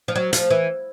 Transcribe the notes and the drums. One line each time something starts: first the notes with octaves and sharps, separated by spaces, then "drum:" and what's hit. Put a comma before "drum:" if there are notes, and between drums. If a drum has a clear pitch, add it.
F3
F#3
F3, drum: hi-hat
E3